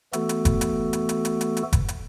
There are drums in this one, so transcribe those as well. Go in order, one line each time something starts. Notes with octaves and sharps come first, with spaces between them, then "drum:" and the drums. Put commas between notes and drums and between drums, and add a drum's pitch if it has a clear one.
E3 A3 B3 F#4 A4, drum: hi-hat
drum: hi-hat
drum: kick F#1, hi-hat
drum: hi-hat
drum: hi-hat
drum: hi-hat
drum: hi-hat
drum: hi-hat
drum: hi-hat
drum: kick F#1, hi-hat
drum: hi-hat